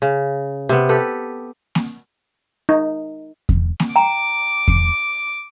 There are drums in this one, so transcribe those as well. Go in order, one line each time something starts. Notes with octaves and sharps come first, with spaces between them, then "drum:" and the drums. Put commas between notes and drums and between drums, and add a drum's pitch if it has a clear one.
C#3
C3 B3
G4 A4 B4
drum: snare A#3
D#4
drum: kick E2
drum: snare A#3
G5 A#5 D6
drum: kick E2